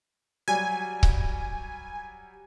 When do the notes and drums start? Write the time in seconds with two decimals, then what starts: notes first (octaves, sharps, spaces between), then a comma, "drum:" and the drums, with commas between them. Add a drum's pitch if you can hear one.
0.48 F#3 G3 G#5
1.03 drum: kick C#1